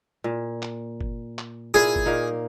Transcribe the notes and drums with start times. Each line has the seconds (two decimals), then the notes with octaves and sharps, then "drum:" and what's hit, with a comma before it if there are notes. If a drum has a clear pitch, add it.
0.24 A#2
0.62 drum: clap
1.01 drum: kick G1
1.39 drum: clap
1.74 A#2 E4 G#4
1.96 drum: kick G1
2.06 A#2 A#3 D#4